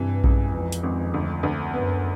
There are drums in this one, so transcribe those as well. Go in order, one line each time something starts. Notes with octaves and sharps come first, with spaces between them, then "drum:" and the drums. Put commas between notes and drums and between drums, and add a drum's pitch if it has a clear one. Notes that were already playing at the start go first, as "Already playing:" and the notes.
Already playing: G2 C3 E3
C#2, drum: kick A#1
F2 E3
drum: hi-hat
G#1
D2
D2
F#2 B3